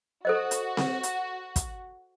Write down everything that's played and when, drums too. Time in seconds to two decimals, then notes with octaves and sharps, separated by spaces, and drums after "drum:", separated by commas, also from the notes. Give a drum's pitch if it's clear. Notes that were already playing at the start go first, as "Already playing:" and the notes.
0.25 F#4 A4 C5 D#5
0.51 drum: hi-hat
0.77 drum: snare C4
1.03 drum: hi-hat
1.56 drum: kick, hi-hat